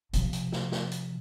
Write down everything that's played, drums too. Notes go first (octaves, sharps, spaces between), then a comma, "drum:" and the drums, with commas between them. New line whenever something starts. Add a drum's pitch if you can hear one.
C3 F3, drum: hi-hat
drum: hi-hat
drum: snare
drum: snare
drum: hi-hat